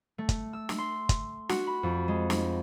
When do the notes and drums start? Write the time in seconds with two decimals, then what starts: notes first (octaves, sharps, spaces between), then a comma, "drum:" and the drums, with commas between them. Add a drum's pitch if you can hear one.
0.18 A3
0.29 drum: kick G1, hi-hat
0.53 E6
0.69 drum: snare
0.78 C6
1.09 drum: kick G1, hi-hat
1.49 F#4, drum: snare
1.67 B5
1.83 F2
2.08 G#3
2.30 drum: snare